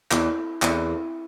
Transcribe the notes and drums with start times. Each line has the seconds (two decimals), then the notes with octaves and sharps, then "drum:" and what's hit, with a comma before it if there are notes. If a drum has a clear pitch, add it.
0.11 E2, drum: clap
0.62 E2, drum: clap